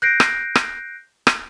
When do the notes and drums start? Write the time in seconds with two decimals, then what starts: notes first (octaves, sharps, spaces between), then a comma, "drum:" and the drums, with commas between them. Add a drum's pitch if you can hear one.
0.02 F#6 G6 A#6 C7 D7
0.20 drum: rim click
0.55 drum: rim click
1.27 drum: rim click